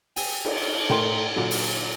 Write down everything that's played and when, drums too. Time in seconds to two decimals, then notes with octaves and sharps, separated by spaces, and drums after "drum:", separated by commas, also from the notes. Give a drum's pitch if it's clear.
0.16 G5 G#5, drum: open hi-hat
0.45 drum: cymbal
0.90 A3 A#4 G5 C6, drum: tom A2
1.36 A#2 D3 F#3
1.51 drum: open hi-hat